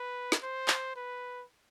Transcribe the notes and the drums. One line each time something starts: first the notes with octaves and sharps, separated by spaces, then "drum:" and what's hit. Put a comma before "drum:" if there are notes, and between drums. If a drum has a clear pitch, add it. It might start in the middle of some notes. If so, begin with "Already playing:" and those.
Already playing: B4
drum: snare
C5
drum: clap
B4